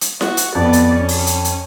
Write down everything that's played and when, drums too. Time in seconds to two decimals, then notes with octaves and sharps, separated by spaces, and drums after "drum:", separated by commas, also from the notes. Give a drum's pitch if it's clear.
0.01 drum: hi-hat
0.21 F#4, drum: snare E4
0.37 drum: hi-hat
0.55 F2 B3 D5
0.73 drum: hi-hat
0.96 C#4
1.09 drum: open hi-hat
1.27 drum: hi-hat
1.45 drum: hi-hat